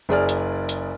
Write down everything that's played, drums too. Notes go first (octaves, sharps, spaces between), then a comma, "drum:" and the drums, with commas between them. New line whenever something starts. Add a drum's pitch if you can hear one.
F#1 G#4 D5 F6
drum: hi-hat
drum: hi-hat